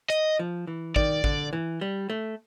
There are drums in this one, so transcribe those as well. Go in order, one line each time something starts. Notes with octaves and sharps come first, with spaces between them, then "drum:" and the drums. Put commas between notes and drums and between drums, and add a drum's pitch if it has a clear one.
D#5, drum: hi-hat
F3
E3
D#3 D5, drum: kick G#1
D3, drum: kick G#1
E3
G3
A3